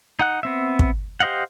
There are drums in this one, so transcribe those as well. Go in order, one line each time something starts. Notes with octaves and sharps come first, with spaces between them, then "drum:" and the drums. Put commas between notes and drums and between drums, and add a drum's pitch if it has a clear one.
D#4 F#5 F#6
B3 C4 E5
drum: kick
G4 C5 D#5 F5 F#5